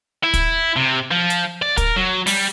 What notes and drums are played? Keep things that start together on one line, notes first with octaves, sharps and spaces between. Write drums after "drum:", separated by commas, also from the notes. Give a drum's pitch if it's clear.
E4
drum: kick, hi-hat
C3
F3
drum: hi-hat
D5
A#4, drum: kick, hi-hat
F#3
G3, drum: open hi-hat